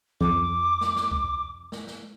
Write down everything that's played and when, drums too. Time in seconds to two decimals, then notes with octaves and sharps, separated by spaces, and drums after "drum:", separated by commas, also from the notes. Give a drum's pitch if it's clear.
0.21 F2 D6, drum: kick C#2
0.81 drum: snare
0.96 drum: snare
1.11 drum: kick C#2
1.72 drum: snare
1.87 drum: snare